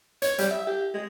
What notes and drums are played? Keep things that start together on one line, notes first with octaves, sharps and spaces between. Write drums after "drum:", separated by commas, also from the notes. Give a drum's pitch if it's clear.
C#5, drum: hi-hat
G3, drum: hi-hat
E5
G4
G#3